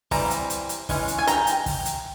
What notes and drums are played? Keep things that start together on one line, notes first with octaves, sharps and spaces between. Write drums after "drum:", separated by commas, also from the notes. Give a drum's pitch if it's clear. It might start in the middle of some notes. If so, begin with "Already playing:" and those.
E3 G3 C4 A#5, drum: kick, open hi-hat
drum: hi-hat
drum: hi-hat
drum: hi-hat
E3 G#3 C#4, drum: kick, open hi-hat
drum: hi-hat
G#5
G5 A#5, drum: hi-hat
drum: hi-hat
drum: kick, open hi-hat
drum: hi-hat